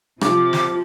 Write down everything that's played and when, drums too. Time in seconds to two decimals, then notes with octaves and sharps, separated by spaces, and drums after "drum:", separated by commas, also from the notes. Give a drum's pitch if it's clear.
0.21 C3 F3 D6, drum: rim click
0.53 drum: snare